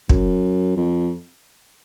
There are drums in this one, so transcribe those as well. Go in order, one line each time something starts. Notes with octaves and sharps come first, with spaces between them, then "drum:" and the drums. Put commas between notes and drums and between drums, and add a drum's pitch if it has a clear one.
F#2, drum: kick
F2